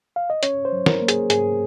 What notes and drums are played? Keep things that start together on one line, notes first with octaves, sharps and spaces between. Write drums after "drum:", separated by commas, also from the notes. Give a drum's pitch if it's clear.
F5
D#5
C#4 C#5, drum: hi-hat
C5
F#3
A#4, drum: snare
A#3
G#4, drum: hi-hat
G#2 G#4, drum: hi-hat